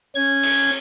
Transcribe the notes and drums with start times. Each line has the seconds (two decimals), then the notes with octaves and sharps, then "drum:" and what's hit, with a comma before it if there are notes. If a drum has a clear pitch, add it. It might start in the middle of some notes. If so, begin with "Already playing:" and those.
0.15 C#4 G#6
0.43 drum: cymbal